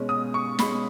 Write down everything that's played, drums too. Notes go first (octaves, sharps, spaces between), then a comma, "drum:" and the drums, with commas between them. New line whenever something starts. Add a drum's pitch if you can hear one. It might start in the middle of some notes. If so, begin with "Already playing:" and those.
Already playing: B2 G#3 C#4
D#6
C#6
B2 G#3 C#4 B5, drum: snare